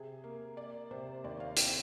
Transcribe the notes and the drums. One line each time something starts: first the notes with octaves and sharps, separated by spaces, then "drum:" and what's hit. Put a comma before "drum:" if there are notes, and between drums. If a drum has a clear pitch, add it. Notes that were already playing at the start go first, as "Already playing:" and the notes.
Already playing: C3 G#4
A#3
A#3 D5
C3 C5
D#2 D5
F5
C4 G5, drum: hi-hat